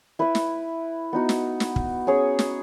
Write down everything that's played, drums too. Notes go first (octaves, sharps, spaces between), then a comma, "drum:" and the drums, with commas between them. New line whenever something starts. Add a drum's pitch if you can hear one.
E4 B4 E5
drum: snare
B3 D#4 F#4
drum: snare
drum: snare
drum: kick
C#4 G#4 C#5
drum: snare